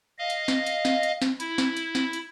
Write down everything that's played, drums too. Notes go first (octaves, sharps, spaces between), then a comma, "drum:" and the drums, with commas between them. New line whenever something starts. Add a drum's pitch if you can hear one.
D#5 F5
drum: hi-hat
drum: snare
drum: hi-hat
drum: snare
drum: hi-hat
drum: snare
E4, drum: hi-hat
drum: snare
drum: hi-hat
drum: snare
drum: hi-hat